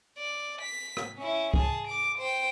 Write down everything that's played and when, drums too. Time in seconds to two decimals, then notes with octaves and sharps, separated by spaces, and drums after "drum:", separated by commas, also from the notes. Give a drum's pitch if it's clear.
0.18 D5
0.61 B6
0.97 drum: rim click
1.18 C#4 E4
1.54 G#4 A5, drum: kick
1.87 D6 D7
2.18 C5 G5